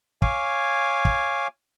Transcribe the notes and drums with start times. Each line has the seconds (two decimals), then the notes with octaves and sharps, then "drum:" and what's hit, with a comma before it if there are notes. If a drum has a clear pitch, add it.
0.22 C#5 F5 G#5 D6, drum: kick
1.05 drum: kick